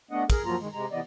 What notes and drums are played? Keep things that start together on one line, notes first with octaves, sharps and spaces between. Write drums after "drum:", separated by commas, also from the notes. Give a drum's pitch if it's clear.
A3 B3 D4 D#5 F#5
G#4 A#4, drum: kick, cymbal
F3 F#3 A#3 F4 A#5
D#3 G#3
C3 G#3 A#5
C3 E3 B3 D5 D#5